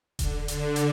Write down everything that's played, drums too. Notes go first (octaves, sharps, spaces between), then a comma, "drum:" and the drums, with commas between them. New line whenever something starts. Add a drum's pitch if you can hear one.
D3, drum: kick E1, hi-hat
D3, drum: hi-hat
drum: hi-hat